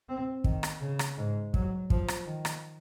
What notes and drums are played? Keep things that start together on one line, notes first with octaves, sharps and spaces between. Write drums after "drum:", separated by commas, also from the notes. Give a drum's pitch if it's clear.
C4
D#3, drum: kick
drum: rim click
C#3
drum: rim click
G#2
F#3, drum: kick
F3, drum: kick
drum: rim click
D#3
drum: rim click